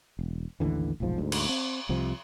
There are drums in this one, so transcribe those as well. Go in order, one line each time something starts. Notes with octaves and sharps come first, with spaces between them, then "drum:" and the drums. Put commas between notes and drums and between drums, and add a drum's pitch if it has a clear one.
E1
A1 D#2 D3 E3
F1 B1 G#2 F3
D2 G#2
drum: cymbal
C4
C2 C3 F3